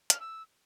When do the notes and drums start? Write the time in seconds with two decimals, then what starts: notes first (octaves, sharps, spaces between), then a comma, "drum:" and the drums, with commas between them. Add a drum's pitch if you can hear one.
0.10 F6, drum: hi-hat
0.20 E6